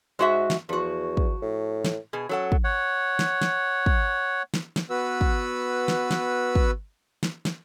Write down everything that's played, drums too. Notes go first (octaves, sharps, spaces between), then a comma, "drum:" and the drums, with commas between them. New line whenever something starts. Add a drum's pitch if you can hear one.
G#2 G#3 F#4 E5
drum: snare
E2 F3 F#4
drum: kick
A2
drum: snare
B2 G#4
F#3 C#4 A4 F#5
drum: kick
C#5 F#5
drum: snare
drum: snare
drum: kick
drum: snare
drum: snare
B3 F#4 B4 E6
drum: kick
drum: snare
drum: snare
drum: kick
drum: snare
drum: snare